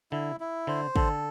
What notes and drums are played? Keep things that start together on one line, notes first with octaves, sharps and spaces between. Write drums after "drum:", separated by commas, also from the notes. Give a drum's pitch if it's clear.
D3 E4
E4
D3 C5
D3 A4, drum: kick